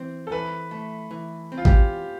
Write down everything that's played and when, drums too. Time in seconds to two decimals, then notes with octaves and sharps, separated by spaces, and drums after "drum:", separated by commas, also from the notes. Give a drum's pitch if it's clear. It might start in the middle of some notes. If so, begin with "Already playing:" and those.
Already playing: E3 C4
0.27 A4
0.31 E3 B4
0.71 A3
1.11 E3
1.52 C4
1.57 F4
1.65 G4, drum: kick G#1